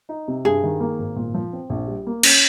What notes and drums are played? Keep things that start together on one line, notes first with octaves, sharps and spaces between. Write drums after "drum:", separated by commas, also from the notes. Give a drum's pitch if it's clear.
D#4
C3
G2 G#4
D#3
A#3
G#1
A#2
F3
C4
A#1
G3
A#3
C#4, drum: cymbal